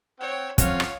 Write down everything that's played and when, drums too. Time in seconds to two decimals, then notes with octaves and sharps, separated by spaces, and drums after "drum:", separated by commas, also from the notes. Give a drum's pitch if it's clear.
0.20 C4 C#5 F#5 G5
0.58 F2 C4 C#4 F4 C#5 F5 F#5, drum: kick, hi-hat
0.80 drum: rim click